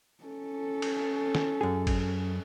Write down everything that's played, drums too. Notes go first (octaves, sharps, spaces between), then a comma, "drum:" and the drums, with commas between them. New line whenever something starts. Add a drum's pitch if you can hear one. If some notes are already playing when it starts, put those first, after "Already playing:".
C#4 A4
drum: cymbal
drum: snare
F#2 G#4
drum: kick G#1, cymbal